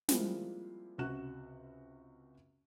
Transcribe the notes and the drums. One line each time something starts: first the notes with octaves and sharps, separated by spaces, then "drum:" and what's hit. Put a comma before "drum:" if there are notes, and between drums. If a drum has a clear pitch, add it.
F3 G3 G#3 A#3 C4 E4, drum: snare
C#2 C3 F#4 F#6 E7